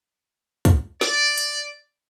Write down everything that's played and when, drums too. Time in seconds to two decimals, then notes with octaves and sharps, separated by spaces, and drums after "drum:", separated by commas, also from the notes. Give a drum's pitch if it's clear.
0.65 drum: kick, hi-hat
1.01 D5, drum: snare
1.37 drum: hi-hat